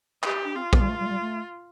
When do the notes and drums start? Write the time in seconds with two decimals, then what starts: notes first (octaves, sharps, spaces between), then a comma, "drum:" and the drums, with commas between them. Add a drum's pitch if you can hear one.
0.23 G4, drum: clap
0.44 D4
0.56 C4 F4
0.73 B3, drum: kick
0.80 G3
0.89 A3
0.99 G3
1.06 A3
1.10 G3
1.21 A3